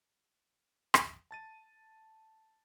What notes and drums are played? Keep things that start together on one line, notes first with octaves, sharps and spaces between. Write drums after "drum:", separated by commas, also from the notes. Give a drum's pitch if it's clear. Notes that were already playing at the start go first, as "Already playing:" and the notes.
drum: rim click
A5 A6 D#7